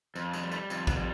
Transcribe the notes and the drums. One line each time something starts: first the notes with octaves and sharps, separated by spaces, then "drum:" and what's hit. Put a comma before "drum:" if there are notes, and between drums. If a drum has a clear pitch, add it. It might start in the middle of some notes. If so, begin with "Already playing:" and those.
F2, drum: tambourine
G#3, drum: tambourine
G3
A3, drum: tambourine
F2, drum: tambourine
B3, drum: kick, tambourine
G3